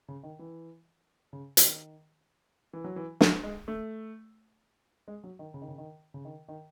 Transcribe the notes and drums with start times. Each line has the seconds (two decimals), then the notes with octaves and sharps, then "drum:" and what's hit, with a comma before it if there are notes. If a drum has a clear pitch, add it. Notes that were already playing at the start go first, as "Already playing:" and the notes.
0.08 C#3
0.23 D#3
0.39 E3
1.33 C#3
1.57 D#3, drum: hi-hat
2.73 E3
2.84 F#3
2.96 E3
3.21 F#3, drum: snare
3.43 G#3
3.68 A3
5.08 G#3
5.24 F#3
5.39 D#3
5.54 C#3
5.62 D#3
5.68 C#3
5.78 D#3
6.14 C#3
6.25 D#3
6.48 D#3